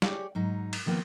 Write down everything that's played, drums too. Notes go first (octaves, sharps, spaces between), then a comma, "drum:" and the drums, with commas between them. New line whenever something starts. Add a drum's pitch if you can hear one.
G4 G#4 C#5 D5, drum: snare
G#2 F#3 D#4
drum: cymbal
D#3 F3 A#3 B3